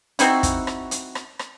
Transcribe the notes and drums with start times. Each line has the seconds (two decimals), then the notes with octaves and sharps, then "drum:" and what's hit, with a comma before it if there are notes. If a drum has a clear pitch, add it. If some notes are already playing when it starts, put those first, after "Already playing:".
0.19 C4 D#4 E4 F#4, drum: hi-hat
0.43 drum: kick, hi-hat
0.67 drum: rim click
0.91 drum: hi-hat
1.15 drum: rim click
1.39 drum: rim click